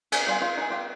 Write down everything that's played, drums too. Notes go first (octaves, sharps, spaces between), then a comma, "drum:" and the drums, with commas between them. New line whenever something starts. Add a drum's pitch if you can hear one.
G#4 D5, drum: cymbal
G3 F4 G#5
F4
D#4 G#4
F4 G4